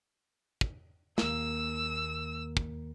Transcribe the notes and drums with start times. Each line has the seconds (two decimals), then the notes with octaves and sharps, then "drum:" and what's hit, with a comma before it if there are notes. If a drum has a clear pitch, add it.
0.61 drum: kick
1.18 D#2 A#3 E6, drum: snare
2.57 drum: kick